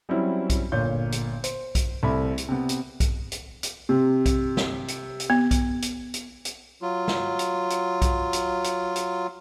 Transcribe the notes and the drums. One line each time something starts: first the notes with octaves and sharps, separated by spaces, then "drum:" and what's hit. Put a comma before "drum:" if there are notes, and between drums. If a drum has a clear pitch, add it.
F#3 G3 C4 C#4 E4
drum: kick B1, hi-hat
G1 A#2 C#5 G6
drum: hi-hat
C5, drum: hi-hat
drum: kick B1, hi-hat
C2 A3 E5 B5
drum: hi-hat
C3 B3
drum: hi-hat
drum: kick B1, hi-hat
drum: hi-hat
drum: hi-hat
C3
drum: kick B1, hi-hat
drum: snare
drum: hi-hat
drum: hi-hat
B3
drum: kick B1, hi-hat
drum: hi-hat
drum: hi-hat
drum: hi-hat
F#3 F4
drum: snare
drum: hi-hat
drum: hi-hat
drum: kick B1, hi-hat
drum: hi-hat
drum: hi-hat
drum: hi-hat